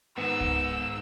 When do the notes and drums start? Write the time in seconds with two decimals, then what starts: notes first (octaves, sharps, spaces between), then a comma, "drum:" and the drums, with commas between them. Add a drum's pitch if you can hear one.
0.18 G#2 D#3 B3 E6
0.41 drum: kick C#2